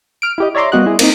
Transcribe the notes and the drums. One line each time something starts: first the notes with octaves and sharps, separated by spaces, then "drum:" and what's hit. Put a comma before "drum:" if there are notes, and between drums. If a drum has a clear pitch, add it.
F6 D7
E4 G4 D#5
C#5 D5 E5 A#5 C6 D6
G3 A#3 B3 F#4 D#5 F#6
E4 G#4
A#3 C4 D#4, drum: cymbal